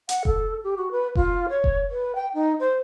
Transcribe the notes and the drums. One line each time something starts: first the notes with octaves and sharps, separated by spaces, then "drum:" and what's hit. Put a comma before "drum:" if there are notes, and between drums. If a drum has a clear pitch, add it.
F#5, drum: hi-hat
A4, drum: kick F1
G4
F#4
B4
F4, drum: kick F1
C#5
drum: kick F1
B4
G5
D#4
C5